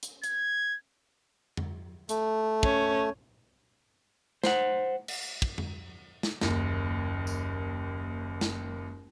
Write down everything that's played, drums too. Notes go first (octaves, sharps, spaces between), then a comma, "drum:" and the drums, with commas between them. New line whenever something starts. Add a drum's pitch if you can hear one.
drum: hi-hat
G#6, drum: hi-hat
drum: tom F2
A3, drum: hi-hat
C#4, drum: kick
C5 F#5, drum: snare
drum: cymbal
drum: kick
drum: tom F2
drum: snare
F#1 D#2, drum: snare
drum: tambourine
drum: snare